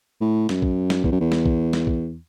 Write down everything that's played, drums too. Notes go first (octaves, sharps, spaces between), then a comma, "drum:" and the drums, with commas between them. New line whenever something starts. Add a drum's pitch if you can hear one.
A2
F#2, drum: snare
drum: kick
drum: snare
E2, drum: kick
F#2
E2
drum: snare
drum: kick
drum: snare
drum: kick